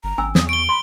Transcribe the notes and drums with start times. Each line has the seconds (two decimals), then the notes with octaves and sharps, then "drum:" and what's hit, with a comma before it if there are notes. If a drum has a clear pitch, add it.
0.04 G1 A#5
0.18 G#1 C#4 G#5 E6
0.35 E2 D#6, drum: snare
0.49 C#6 D7 G7
0.69 B5 C6